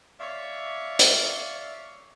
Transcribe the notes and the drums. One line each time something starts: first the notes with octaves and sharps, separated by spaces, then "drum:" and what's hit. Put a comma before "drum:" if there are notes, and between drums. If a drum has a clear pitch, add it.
C#5 D5 E5 F5
drum: hi-hat